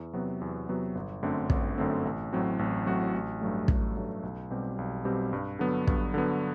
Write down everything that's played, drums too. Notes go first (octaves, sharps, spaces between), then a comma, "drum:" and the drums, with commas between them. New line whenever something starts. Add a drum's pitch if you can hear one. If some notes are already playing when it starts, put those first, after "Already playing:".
Already playing: E2
C3 F#3 B3 F#4
E2
C3 F#3 B3 F#4
G1
F#2 D3 A3 C4
G1, drum: kick
F#2 D3 A3 C4
A1
A2 F#3 C4 F#4
A1
A2 F#3 C4 F#4
A1
G2 F#3 A3
A1, drum: kick
G2 F#3 A3
B1
B2 G3 C4 G4
B1
B2 G3 C4 G4
G2
D3 F#3 B3
G2, drum: kick
D3 F#3 B3